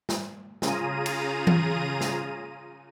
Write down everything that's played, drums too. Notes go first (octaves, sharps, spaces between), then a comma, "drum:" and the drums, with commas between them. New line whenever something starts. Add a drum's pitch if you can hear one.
drum: snare
C#3 F4 G#4 A#5 D#7, drum: snare
drum: cymbal
drum: tom E3
drum: snare